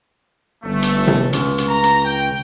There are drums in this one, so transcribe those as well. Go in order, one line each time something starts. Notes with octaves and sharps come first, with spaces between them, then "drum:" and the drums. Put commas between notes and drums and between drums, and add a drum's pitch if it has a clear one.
G1 A3
drum: hi-hat
drum: tom C3
C#2, drum: hi-hat
drum: hi-hat
A#5
drum: hi-hat
G5